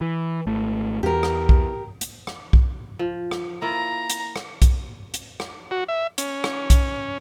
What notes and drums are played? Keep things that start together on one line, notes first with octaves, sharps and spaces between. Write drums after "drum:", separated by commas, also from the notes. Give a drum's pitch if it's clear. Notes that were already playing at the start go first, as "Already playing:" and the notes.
E3
G#1 A3
E2 G4 A#4
drum: rim click
drum: kick B1
drum: hi-hat
drum: rim click
drum: kick B1
F3
drum: rim click
A#3 E4 F4 A#5
drum: hi-hat
drum: rim click
drum: kick B1, hi-hat
drum: hi-hat
drum: rim click
F#4
E5
C#4, drum: hi-hat
drum: rim click
drum: kick B1, hi-hat